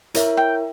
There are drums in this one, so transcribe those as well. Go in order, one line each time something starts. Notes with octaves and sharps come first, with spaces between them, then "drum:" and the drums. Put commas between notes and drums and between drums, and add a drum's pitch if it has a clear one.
E4 A#4 C#5 E5, drum: hi-hat
G5